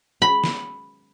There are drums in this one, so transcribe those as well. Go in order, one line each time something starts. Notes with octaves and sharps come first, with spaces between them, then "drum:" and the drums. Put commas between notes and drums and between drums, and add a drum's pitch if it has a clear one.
B5
drum: snare